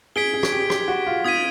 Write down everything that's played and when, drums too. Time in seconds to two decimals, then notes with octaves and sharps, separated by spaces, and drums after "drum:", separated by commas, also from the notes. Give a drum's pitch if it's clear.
0.16 G#4 G#6 B6 D7 G7, drum: cymbal
0.34 G#4
0.43 drum: rim click
0.52 G4
0.70 G4, drum: rim click
0.88 F#4
1.07 F4
1.24 F4 D#6 G#6 B6 D#7, drum: cymbal